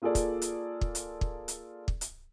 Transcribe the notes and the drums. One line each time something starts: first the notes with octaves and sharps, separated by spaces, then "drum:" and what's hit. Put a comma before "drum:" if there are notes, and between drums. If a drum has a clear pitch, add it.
A#3 F4 G#4 A4 D5
drum: kick, hi-hat
drum: hi-hat
drum: kick
drum: hi-hat
drum: kick
drum: hi-hat
drum: kick
drum: hi-hat